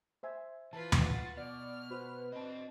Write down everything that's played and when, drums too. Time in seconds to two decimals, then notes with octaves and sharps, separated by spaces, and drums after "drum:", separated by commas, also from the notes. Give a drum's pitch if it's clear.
0.23 C5 E5 G#5
0.73 E3 F4 B4 A5
0.92 drum: tom D2
1.04 F#4 A6
1.37 B2 D5 F6
1.91 F#4 B4 C5
2.33 C4 D4 D#5 A5